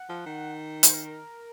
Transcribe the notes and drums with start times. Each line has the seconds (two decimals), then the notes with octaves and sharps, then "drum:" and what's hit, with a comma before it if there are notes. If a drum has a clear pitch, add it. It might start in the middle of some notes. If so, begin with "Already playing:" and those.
Already playing: F#5
0.09 F3
0.26 D#3
0.83 C5, drum: hi-hat
0.94 A#4